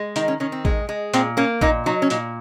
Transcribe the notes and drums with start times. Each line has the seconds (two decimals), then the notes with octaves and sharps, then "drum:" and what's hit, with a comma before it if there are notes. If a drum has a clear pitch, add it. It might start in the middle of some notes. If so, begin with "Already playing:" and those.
Already playing: G#3
0.16 D#3 D#4, drum: hi-hat
0.28 C#4
0.40 D#3 C#4
0.52 C4
0.65 G#3, drum: kick A1
0.89 G#3
1.14 A#2 C4, drum: hi-hat
1.37 A#3 C#4
1.61 A#2 D#4, drum: kick A1
1.86 F#3 D#4
2.02 C#4
2.10 A#2 D#4, drum: hi-hat